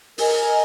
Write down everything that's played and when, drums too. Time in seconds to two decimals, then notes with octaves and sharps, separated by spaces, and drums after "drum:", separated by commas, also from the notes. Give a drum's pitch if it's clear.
0.18 A#4 D#5 G#5, drum: open hi-hat